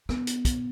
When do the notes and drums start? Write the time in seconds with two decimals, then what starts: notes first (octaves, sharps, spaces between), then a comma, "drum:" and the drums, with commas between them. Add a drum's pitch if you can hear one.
0.09 B3, drum: rim click
0.27 drum: hi-hat
0.45 drum: kick, hi-hat